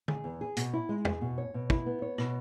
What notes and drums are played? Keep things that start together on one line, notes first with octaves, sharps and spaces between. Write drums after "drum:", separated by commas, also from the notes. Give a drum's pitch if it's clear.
G#4, drum: tom
E2
G#4
B2, drum: hi-hat
E4
G#3
G#4, drum: tom
B2
C#5
B2
E4, drum: kick
B3
C#5
B2, drum: rim click